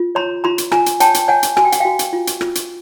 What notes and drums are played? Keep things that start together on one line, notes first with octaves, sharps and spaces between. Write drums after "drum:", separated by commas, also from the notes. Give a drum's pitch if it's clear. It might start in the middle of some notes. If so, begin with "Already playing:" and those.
Already playing: F4
C#5 A#5 C6
F4 A#5 C6
drum: hi-hat
F4 G#5 A#5, drum: rim click
drum: hi-hat
C#5 G5 A5, drum: hi-hat
drum: hi-hat
C#5 F#5 G#5
drum: hi-hat
F#4 G#5, drum: rim click
G5
F#5, drum: hi-hat
F#4 F5 G5
drum: hi-hat
F4
drum: hi-hat
F4, drum: rim click
drum: hi-hat